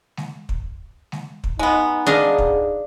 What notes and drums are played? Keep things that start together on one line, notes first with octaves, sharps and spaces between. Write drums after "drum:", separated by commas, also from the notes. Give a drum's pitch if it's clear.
drum: snare G#3
drum: kick
drum: snare G#3
drum: kick
G#3 B3 D#4
D4 G#4 D#5 F5, drum: snare G#3
drum: kick